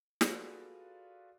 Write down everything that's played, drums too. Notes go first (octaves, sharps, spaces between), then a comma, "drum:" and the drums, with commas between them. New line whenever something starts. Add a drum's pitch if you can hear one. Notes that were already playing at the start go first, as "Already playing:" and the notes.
F4 F#4 G#4 A4 B4 D5, drum: snare